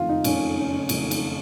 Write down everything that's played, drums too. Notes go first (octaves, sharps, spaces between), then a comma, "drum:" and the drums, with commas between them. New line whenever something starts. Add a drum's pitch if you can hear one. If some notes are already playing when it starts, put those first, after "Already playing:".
Already playing: F#1 F2 D#3 A3 F4
D#4
F#1 F2 D#3 A3 C#4, drum: cymbal
C#4
C#4
F#1 F2 D#3 A3, drum: cymbal
drum: cymbal